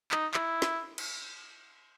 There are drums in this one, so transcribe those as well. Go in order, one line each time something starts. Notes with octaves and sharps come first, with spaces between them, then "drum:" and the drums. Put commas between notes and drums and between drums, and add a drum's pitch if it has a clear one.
D#4, drum: clap
E4, drum: clap
drum: snare
drum: cymbal